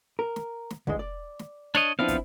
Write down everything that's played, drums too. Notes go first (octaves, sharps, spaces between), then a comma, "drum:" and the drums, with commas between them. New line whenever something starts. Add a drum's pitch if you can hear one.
A#4
drum: snare
drum: snare
D3 E3 G#3, drum: kick
D5
drum: snare
D4 C#5 D#5, drum: snare
F3 B3 C4 D4 E4 F5
drum: kick, hi-hat